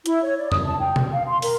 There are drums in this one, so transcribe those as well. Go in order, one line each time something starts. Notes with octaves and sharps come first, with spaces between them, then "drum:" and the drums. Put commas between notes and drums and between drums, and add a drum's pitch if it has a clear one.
E4, drum: hi-hat
C#5
D5
D#6, drum: tom
A5
G5
drum: tom B2
F5
C6
A#4, drum: open hi-hat